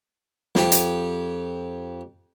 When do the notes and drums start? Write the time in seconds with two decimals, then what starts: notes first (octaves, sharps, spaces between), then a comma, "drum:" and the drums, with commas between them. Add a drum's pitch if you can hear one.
0.55 F2 G4, drum: snare
0.72 drum: hi-hat